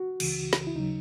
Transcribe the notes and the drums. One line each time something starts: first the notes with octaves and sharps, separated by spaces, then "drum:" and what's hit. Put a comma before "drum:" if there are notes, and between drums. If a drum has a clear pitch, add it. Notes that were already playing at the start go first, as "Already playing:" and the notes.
Already playing: F#4
C#2 C#3 E3, drum: cymbal
drum: snare
E4
D#2 C#3 F#3 D#4